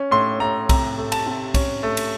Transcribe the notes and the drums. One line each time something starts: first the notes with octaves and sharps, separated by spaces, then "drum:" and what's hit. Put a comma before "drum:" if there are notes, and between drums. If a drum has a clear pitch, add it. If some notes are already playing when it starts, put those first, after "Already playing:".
Already playing: C#4
A2 C6
A2 A#5
C3 A#5, drum: kick, cymbal
A3
A5, drum: cymbal
C3
C#4, drum: kick, cymbal
A3
drum: cymbal